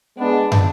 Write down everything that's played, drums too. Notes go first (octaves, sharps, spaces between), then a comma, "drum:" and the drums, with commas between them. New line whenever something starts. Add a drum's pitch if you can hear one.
G#3 B3 D4
drum: tom